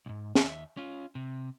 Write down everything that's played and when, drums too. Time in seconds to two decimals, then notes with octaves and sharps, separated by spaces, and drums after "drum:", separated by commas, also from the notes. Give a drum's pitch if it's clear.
0.06 B1 G#2
0.35 D#2 E5, drum: snare
0.77 C#4 F4
1.15 C3